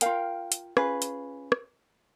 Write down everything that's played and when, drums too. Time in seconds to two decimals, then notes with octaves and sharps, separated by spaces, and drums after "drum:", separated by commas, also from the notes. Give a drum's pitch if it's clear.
0.01 F4 A#4 F5 G5, drum: hi-hat
0.52 drum: hi-hat
0.77 C#4 F4 G#4 B4, drum: rim click
1.02 drum: hi-hat
1.52 drum: rim click